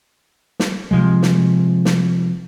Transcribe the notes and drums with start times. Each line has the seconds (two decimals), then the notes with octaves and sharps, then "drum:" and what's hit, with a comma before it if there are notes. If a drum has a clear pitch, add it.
0.60 drum: snare
0.91 C3 F3 G#3
1.22 drum: snare
1.85 drum: snare